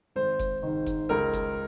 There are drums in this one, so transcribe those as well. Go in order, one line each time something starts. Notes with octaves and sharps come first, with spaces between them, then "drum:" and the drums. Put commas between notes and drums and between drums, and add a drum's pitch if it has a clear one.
G#1 C5
drum: kick F1, hi-hat
G#2 D#3
drum: kick F1, hi-hat
C#2 A#4
drum: kick F1, hi-hat